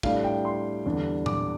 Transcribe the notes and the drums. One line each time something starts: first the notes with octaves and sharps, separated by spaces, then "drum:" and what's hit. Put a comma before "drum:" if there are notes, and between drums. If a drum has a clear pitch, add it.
A2 G3 D4 F5, drum: kick
G5
C6
E2 D3 G3 D4
D6, drum: tom A#2